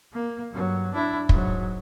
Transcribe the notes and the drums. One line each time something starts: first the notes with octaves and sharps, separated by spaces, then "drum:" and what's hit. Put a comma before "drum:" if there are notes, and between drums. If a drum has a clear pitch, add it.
A#3
G2 F#3
D4 E4
G#2 F#3, drum: kick